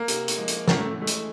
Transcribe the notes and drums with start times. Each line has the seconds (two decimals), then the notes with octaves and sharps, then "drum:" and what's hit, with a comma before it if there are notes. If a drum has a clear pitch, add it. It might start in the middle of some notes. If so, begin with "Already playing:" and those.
Already playing: A#3
0.08 C3, drum: hi-hat
0.28 drum: hi-hat
0.38 F3 G#3
0.48 drum: hi-hat
0.68 A2 A#3, drum: snare
0.79 A3
0.97 E3 G#3 A3
1.07 drum: hi-hat